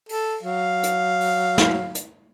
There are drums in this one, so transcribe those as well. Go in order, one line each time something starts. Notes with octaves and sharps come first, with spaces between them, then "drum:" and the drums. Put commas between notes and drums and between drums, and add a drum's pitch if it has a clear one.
A4, drum: open hi-hat
F#3 F5
drum: hi-hat
drum: open hi-hat
drum: snare
drum: hi-hat